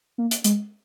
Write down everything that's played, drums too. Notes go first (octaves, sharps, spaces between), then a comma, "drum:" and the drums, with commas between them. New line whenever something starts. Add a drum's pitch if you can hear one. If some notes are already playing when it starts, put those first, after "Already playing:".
A#3
drum: hi-hat
G#3, drum: hi-hat